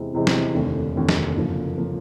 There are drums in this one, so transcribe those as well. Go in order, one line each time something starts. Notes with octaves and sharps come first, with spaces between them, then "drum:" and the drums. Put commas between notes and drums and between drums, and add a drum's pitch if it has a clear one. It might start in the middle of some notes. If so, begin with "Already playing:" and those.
Already playing: E2 C3 E3 G#3 C4
E2 C3 E3 G#3 C4
drum: snare
F1 D#2 D3
F1 D#2 D3
drum: snare
F#1 F#2 D3 F3 A#3
D3 F3 A#3